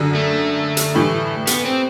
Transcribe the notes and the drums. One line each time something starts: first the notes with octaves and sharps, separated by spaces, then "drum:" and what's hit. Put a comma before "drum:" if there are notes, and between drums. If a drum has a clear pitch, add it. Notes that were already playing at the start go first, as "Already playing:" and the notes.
Already playing: F#2 D3 F#3
A3
drum: hi-hat
A2 E3 G3
B3, drum: hi-hat
C4